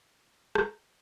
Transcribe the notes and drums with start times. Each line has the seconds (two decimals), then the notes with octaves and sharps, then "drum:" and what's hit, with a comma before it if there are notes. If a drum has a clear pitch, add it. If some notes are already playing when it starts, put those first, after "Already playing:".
0.55 A#5, drum: rim click